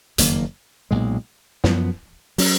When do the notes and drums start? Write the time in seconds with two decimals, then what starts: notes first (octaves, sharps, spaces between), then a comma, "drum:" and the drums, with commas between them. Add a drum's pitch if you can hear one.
0.18 F#1 F2 D#3 A#3, drum: hi-hat
0.91 B1 A#2 G#3
1.64 F#2 F3 B3, drum: snare
2.38 F#3 C#4, drum: open hi-hat